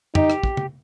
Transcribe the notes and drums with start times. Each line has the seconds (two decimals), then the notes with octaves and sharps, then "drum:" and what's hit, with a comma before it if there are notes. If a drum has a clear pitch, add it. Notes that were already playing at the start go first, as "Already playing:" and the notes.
0.15 D#4 G4, drum: tom F2
0.30 drum: rim click
0.43 drum: kick
0.57 drum: tom